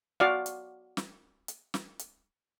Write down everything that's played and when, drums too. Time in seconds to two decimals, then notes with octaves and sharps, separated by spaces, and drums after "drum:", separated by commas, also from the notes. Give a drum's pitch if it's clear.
0.20 F#4 D5 F5
0.46 drum: hi-hat
0.97 drum: snare
1.48 drum: hi-hat
1.74 drum: snare
1.99 drum: hi-hat